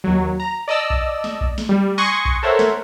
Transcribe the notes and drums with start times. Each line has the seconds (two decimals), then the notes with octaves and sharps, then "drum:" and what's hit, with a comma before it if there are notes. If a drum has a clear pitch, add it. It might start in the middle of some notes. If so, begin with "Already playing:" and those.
0.04 D#2 F#3
0.40 A#5
0.68 D5 D#5 A5 E6
0.90 drum: kick A#1
1.24 drum: snare
1.41 drum: kick A#1
1.58 drum: snare
1.69 G3
1.98 G#5 C6 C#6 D#6 F#6 A#6
2.25 drum: kick A#1
2.43 A4 A#4 C5 C#5 E5 F#5
2.59 drum: snare